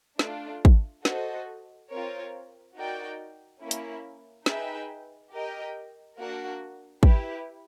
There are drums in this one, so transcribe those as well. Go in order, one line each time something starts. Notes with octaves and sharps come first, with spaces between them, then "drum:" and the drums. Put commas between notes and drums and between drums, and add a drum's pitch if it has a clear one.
A3 D4 F4, drum: snare
drum: kick
F#4 A4 C5 D#5, drum: snare
C4 F4 A#4 C#5
D#4 F#4 A#4 D5 G5
A#3 C#4 E4
drum: hi-hat
D#4 G#4 B4 E5 G5, drum: snare
G4 A#4 D#5 G5
A#3 D4 F#4 A#4
E4 G4 B4, drum: kick